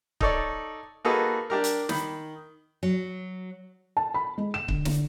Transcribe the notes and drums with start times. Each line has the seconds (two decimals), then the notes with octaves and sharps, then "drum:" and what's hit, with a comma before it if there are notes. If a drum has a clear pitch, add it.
0.21 D#4 A4 C#5 D5, drum: kick C#1
1.05 A#3 D#4 F#4 G#4 A4 B4
1.50 D4 G4 A#4
1.64 drum: hi-hat
1.89 D#3 B5, drum: snare
2.83 F#3
3.97 A5
4.14 B5
4.38 G#3
4.54 E7
4.68 D3, drum: kick C#1
4.85 D3, drum: snare